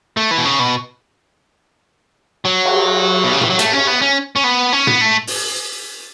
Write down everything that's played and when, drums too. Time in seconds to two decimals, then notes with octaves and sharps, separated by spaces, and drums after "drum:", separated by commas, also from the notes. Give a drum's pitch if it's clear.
0.17 A3
0.31 E3
0.38 B2
0.45 C#3
0.59 B2
2.45 F#3
2.65 drum: cymbal
3.24 B2
3.33 C#3
3.41 E3, drum: tom
3.50 F#3
3.59 A3, drum: hi-hat
3.73 C#4
3.87 B3
4.02 C#4
4.36 C#4
4.44 B3
4.73 C#4
4.87 B3, drum: tom
5.01 A3
5.27 drum: open hi-hat